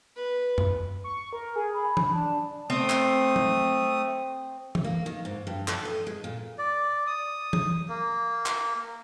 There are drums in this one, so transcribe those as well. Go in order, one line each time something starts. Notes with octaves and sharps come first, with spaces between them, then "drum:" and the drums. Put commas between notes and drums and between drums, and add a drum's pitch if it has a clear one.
B4
drum: tom F#2
C#6
A#4
G#4 G#5
B5
drum: tom
D4 A5
A3 C4 D#6
drum: clap
drum: tom
drum: tom
A#3
D#3
G#2
G2
A4, drum: clap
D#5
G#3
A#2
D5
D#6
drum: tom
A#3
drum: clap